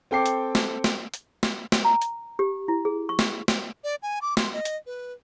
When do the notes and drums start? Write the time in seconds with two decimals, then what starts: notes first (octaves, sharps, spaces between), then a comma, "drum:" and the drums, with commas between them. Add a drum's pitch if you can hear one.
0.11 C4 A4 G5 D6 C7
0.26 drum: hi-hat
0.55 drum: snare
0.84 drum: snare
1.14 drum: hi-hat
1.43 drum: snare
1.72 drum: snare
1.85 A#5
2.02 drum: hi-hat
2.39 G4
2.68 E4
2.85 G#4
3.09 C#6
3.19 drum: snare
3.48 drum: snare
3.84 D5
4.02 G#5
4.21 D6
4.37 C6, drum: snare
4.53 D#5
4.65 drum: hi-hat
4.86 B4